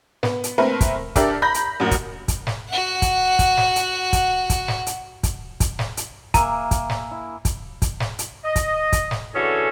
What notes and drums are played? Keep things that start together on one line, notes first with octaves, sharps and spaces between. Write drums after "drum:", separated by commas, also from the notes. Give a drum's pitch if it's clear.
B3, drum: snare
drum: hi-hat
A3 A#3 C4 A#4 B4
drum: kick, hi-hat
D4 G4 A4 A#4 D5 E5, drum: kick, hi-hat
A#5 B5 G6 A#6
drum: hi-hat
A1 F#2 A#3
drum: kick, hi-hat
drum: kick, hi-hat
drum: snare
F#4 F#5
drum: kick, hi-hat
drum: kick, hi-hat
drum: snare
drum: hi-hat
drum: kick, hi-hat
drum: kick, hi-hat
drum: snare
drum: hi-hat
drum: kick, hi-hat
drum: kick, hi-hat
drum: snare
drum: hi-hat
A#3 G#4 E5 A#5, drum: kick, hi-hat
drum: kick, hi-hat
drum: snare
E4
drum: kick, hi-hat
drum: kick, hi-hat
drum: snare
drum: hi-hat
D#5
drum: kick, hi-hat
drum: kick, hi-hat
drum: snare
D3 E3 C#4 F#4 G#4 A4